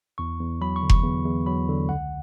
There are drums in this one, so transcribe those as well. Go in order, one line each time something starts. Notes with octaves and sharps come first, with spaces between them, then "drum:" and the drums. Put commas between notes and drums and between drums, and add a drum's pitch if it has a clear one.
E2 C#6
E2
F#3 B5
C#6
D3
C#6, drum: kick F1
E2
E2
F#3 B5
D3
C#2 F#5